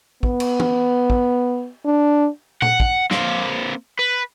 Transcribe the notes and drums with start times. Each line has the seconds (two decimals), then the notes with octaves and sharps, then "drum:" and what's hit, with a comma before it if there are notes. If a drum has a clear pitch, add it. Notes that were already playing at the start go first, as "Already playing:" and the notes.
0.23 B3, drum: kick
0.40 drum: cymbal
0.60 drum: tom
1.10 drum: kick
1.85 D4
2.62 F#5, drum: tom A#2
2.80 drum: kick
3.11 A#3 C4, drum: snare
3.99 B4